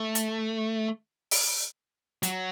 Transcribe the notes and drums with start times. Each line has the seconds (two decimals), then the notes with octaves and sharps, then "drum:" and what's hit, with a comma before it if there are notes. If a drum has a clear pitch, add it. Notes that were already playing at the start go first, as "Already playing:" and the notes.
Already playing: A3
0.15 drum: hi-hat
1.31 drum: open hi-hat
2.23 F#3, drum: hi-hat